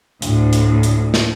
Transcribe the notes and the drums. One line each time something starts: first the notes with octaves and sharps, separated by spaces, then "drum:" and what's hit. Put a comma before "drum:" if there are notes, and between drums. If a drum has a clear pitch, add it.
D2 A2, drum: hi-hat
drum: hi-hat
drum: hi-hat
drum: snare